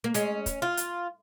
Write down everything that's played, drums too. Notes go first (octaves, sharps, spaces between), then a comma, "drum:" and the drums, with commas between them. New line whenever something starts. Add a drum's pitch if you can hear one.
A#3
G#3 C#4, drum: hi-hat
drum: kick, hi-hat
F4
drum: hi-hat